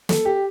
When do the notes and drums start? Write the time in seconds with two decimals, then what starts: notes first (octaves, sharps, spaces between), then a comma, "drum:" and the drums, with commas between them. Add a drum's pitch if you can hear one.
0.09 A4, drum: snare
0.25 G4